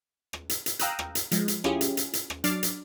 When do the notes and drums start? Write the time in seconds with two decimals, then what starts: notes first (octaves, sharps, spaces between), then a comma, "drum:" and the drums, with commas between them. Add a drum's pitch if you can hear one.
0.33 drum: rim click
0.50 drum: hi-hat
0.66 drum: hi-hat
0.79 F5 G5 A#5 D#6 E6 F#6, drum: hi-hat
0.99 drum: rim click
1.15 drum: hi-hat
1.31 F3 G#3, drum: hi-hat
1.48 drum: hi-hat
1.64 C#4 E4 F4 G4 G#4, drum: rim click
1.81 drum: hi-hat
1.97 drum: hi-hat
2.13 drum: hi-hat
2.30 drum: rim click
2.44 F#3 D4 D6 F6 A6 C7, drum: hi-hat
2.63 drum: hi-hat